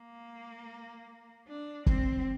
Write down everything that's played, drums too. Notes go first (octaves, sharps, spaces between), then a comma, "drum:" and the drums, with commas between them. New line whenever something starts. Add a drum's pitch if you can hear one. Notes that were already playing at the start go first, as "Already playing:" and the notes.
Already playing: A#3
D4
C4, drum: kick